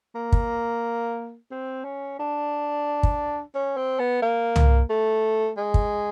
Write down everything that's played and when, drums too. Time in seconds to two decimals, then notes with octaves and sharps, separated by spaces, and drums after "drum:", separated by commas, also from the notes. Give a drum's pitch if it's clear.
0.15 A#3
0.32 drum: kick
1.51 C4
1.85 C#4
2.19 D4
3.03 drum: kick
3.55 C#4
3.77 C4
3.99 B3
4.22 A#3
4.56 drum: tom
4.89 A3
5.57 G#3
5.74 drum: kick